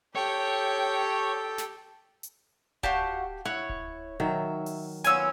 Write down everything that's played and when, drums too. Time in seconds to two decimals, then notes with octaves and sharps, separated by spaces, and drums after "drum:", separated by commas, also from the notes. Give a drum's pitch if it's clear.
0.15 G4 A4 C#5 G5
1.58 drum: snare
2.23 drum: hi-hat
2.83 F#4 G4 F5 A5, drum: kick D1
3.45 E4 C#5 F#5
3.69 drum: kick D1
4.20 D#3 F#3 E5
4.66 drum: open hi-hat
5.04 B3 C#4 F4 G#5 E6, drum: hi-hat